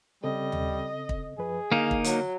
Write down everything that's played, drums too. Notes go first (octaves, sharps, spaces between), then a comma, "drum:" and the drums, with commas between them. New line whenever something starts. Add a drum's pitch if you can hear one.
C#3 G3 C4 A4 D#5
drum: tom D#2
drum: kick
F#2 F3 G#4 B4
D3 A#3 D#4 F5
drum: kick
F#3, drum: hi-hat